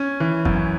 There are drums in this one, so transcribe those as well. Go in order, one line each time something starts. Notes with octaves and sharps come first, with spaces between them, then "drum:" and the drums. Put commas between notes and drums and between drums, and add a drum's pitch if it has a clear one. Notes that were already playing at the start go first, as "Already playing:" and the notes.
Already playing: C#4 G#6
E3
F#2, drum: kick F#1